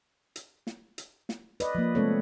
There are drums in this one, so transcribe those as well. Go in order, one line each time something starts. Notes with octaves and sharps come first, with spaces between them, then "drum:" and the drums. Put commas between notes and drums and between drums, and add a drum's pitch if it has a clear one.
drum: hi-hat
drum: snare
drum: hi-hat
drum: snare
B4 D5 D#5, drum: hi-hat
F3 A#3
C3 G#3 A3 C4 A4 C#5